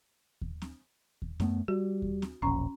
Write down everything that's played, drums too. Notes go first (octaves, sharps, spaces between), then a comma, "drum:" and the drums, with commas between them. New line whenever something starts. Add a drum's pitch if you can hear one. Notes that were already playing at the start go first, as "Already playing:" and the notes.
drum: kick D#2
drum: snare C4
drum: kick D#2
F#2 A3 B3, drum: snare C4
G3 F#4
drum: kick D#2
drum: snare C4
E1 A#1 C#4 A#5 C#6